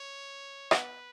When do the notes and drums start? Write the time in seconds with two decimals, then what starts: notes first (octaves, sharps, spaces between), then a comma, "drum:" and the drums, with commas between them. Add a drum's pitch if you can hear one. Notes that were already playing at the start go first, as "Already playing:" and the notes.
Already playing: C#5
0.71 B3 B4, drum: rim click